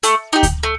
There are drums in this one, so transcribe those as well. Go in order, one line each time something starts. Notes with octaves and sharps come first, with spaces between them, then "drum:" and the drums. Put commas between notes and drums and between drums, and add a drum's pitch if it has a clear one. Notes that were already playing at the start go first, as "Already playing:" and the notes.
A3, drum: hi-hat
D#4 G4
drum: kick D2, hi-hat
A3